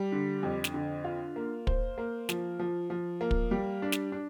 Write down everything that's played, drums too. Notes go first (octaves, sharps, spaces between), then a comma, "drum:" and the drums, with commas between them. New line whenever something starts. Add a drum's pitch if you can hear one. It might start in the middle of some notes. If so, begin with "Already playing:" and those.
Already playing: G3
D3
F2
drum: snare
D3
F4
A#3
C5, drum: kick
A#3
F3, drum: snare
F3
F3
A#3
drum: kick
G3
D4
drum: snare
D4